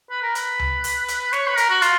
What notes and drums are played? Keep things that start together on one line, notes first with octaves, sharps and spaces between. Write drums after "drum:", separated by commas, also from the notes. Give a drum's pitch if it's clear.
B4
A#4
B4, drum: hi-hat
drum: tom C#2
drum: open hi-hat
drum: hi-hat
C#5, drum: snare
B4
A#4, drum: hi-hat
F#4
F4, drum: hi-hat